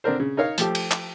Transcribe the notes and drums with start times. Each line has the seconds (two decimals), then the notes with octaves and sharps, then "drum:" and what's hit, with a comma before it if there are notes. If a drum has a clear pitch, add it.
0.04 D3 C4 D4 A#4 C5
0.20 C#3
0.37 D#4 A#4 C#5 F5
0.58 F3 A3 G4, drum: hi-hat
0.75 drum: cymbal
0.91 drum: clap